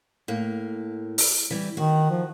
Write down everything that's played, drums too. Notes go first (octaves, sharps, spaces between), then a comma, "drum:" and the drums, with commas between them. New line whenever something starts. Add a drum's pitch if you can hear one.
A2 A#3
drum: open hi-hat
E3 G3
D#3 F#4
F3